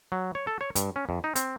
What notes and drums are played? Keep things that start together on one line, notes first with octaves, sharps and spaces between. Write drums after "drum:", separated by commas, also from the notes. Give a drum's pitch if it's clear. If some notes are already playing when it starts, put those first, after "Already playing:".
F#3
C#5
A4
C#5
G2, drum: hi-hat
C#4
F2
D#4
C4, drum: hi-hat